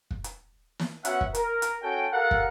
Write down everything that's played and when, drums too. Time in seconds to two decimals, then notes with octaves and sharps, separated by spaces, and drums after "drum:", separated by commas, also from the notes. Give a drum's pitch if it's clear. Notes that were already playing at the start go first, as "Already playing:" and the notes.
0.11 drum: kick
0.24 drum: hi-hat
0.79 drum: snare
1.05 B3 C#4 F#4 E5 F#5, drum: hi-hat
1.21 drum: kick
1.35 A#4, drum: hi-hat
1.62 drum: hi-hat
1.83 C#4 F#4 A4 G5
2.13 G4 A4 A#4 F5 F#5
2.31 drum: kick